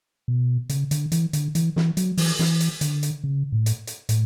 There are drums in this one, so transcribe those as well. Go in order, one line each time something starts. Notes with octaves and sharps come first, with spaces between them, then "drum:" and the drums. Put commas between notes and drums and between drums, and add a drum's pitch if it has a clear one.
B2
C#3, drum: hi-hat
D3, drum: hi-hat
E3, drum: hi-hat
D3, drum: hi-hat
E3, drum: hi-hat
E3, drum: snare
F#3, drum: hi-hat
E3, drum: open hi-hat
E3, drum: snare
drum: hi-hat
D3, drum: hi-hat
drum: hi-hat
C#3
A2
drum: hi-hat
drum: hi-hat
A2, drum: hi-hat